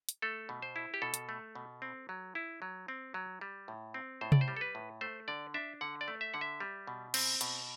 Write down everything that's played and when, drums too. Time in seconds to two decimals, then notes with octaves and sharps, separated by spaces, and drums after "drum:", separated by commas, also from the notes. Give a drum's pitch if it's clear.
0.09 drum: hi-hat
0.22 A3 A4
0.49 B2
0.62 C5
0.76 E4
0.94 G4
1.02 B2 A4
1.14 drum: hi-hat
1.29 A3
1.55 B2
1.82 C4
2.09 F#3
2.35 E4
2.62 F#3
2.88 C4
3.14 F#3
3.41 G3
3.68 A2
3.94 C4
4.21 A2 C5
4.32 D5, drum: tom C3
4.41 C5
4.48 G3
4.56 A4
4.61 B4
4.75 A2
5.01 A3 C5
5.28 D3 D5
5.54 D4 E5
5.81 D3 F#5
6.01 D5
6.08 A3
6.21 E5
6.34 D3 F#5
6.41 E5
6.60 G3
6.87 B2
7.14 C4, drum: cymbal
7.41 B2, drum: hi-hat